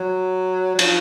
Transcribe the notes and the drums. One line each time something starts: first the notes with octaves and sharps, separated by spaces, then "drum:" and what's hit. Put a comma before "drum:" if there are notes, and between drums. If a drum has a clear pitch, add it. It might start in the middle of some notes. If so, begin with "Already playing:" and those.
Already playing: F#3
F#3
F3, drum: cymbal